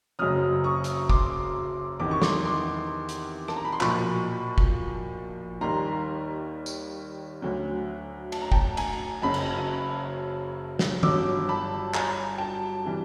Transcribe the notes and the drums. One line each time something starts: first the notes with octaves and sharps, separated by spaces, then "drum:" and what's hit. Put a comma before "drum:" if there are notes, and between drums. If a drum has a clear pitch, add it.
F#1 F#2 C#3 F#3 D#6 F6
C#6 D#6
drum: hi-hat
C6 D6, drum: kick
E2 C3 D#3 D6
C#6
C6 D6, drum: snare
C6 D6
drum: hi-hat
A5, drum: rim click
A#5
B5
C6
B1 A#2 F3 B5 C#6, drum: clap
drum: kick
D#2 D#3 G3 A#5 C6
drum: tambourine
D2 D3 F#3
A5, drum: cymbal
A#5
G5 A5, drum: kick
G#5 A#5, drum: cymbal
F#1 F#2 C#3 F#3 A5 B5
drum: cymbal
drum: snare
G1 G2 D3 F#3 D6 E6, drum: tom
A5 B5
G#5 A#5, drum: clap
G5 A5
C3 E3 G3